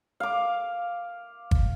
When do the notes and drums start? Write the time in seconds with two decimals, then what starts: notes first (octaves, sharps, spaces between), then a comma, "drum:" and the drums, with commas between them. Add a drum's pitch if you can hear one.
0.20 F5 D6
1.51 drum: kick